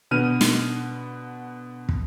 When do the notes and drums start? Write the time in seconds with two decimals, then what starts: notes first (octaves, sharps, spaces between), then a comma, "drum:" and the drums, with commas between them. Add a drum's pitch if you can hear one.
0.11 B2 D3 B3 F6 D#7
0.41 drum: snare
1.89 drum: kick